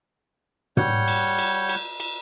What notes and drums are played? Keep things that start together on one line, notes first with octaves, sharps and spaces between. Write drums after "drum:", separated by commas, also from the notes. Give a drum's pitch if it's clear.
G3 C#5 F#5 G6, drum: tom
drum: cymbal
drum: cymbal
drum: cymbal
drum: cymbal